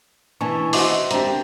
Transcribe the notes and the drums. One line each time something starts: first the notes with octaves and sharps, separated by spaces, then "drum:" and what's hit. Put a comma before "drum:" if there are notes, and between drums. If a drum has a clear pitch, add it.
B2 E3 A#3 D4 G#5 A5 C#6
F#4 C5 D#5 E5 C6 D6, drum: open hi-hat
D3 A#3 C4 D4 G4 A#5, drum: hi-hat